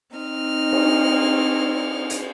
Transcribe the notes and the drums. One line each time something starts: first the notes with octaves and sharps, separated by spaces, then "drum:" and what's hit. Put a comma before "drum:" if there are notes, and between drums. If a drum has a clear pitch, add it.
C4 D#4 F6
drum: cymbal
drum: hi-hat